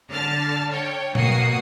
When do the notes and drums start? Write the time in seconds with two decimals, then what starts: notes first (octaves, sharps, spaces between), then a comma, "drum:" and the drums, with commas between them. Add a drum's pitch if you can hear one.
0.10 D3 A5 F6
0.71 C#5 G5
1.15 B2 A#3 F#4 D#6 C7 C#7, drum: tom A#2